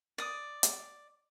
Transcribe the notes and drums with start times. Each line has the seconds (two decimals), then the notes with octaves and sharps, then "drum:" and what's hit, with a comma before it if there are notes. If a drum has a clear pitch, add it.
0.18 D5 D#6
0.63 drum: hi-hat